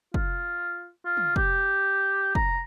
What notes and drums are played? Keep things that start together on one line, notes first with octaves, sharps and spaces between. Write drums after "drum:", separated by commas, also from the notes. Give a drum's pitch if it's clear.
F4, drum: kick
F4
drum: tom
G4, drum: kick
A#5, drum: kick